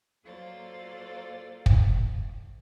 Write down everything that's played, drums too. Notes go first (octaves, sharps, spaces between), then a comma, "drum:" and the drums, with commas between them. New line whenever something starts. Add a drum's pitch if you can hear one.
F#3 A#3 F4 A4 C5 D5
drum: kick